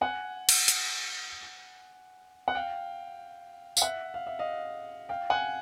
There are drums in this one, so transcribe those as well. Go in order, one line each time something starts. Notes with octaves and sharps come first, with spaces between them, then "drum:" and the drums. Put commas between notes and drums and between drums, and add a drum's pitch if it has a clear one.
F#5 G#5
drum: cymbal
drum: hi-hat
F#5
F5 G5
F5, drum: tambourine
E5 F#5
F5
E5
D#5 F5
F5 G5
F#5 G#5